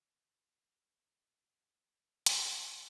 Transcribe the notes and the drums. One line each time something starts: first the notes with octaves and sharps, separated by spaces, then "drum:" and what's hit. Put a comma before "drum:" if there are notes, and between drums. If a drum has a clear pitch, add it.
A2 G#3 B3 F4, drum: hi-hat